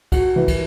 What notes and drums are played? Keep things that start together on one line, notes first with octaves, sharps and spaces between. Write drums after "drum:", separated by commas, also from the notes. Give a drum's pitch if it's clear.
F#4, drum: kick, cymbal
E3
drum: kick, cymbal